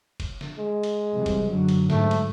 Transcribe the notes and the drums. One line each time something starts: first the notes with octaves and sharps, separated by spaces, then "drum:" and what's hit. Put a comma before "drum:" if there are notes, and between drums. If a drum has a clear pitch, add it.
drum: kick F#1, cymbal
drum: snare
G#3
drum: cymbal
C3 E3 G3
drum: kick F#1, cymbal
F#2 D3 F#3
drum: cymbal
G#2 A3, drum: snare
drum: cymbal